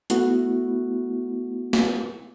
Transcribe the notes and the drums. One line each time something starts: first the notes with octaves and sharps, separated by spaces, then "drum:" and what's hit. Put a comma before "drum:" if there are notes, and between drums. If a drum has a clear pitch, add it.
A3 B3 E4 F#4, drum: hi-hat
drum: snare